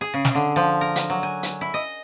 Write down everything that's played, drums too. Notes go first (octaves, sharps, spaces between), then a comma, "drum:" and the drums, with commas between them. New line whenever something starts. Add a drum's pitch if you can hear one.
G#4
C#3
drum: snare
D3
F3
A#4
drum: hi-hat
F#3
G#5
drum: hi-hat
E4
D#5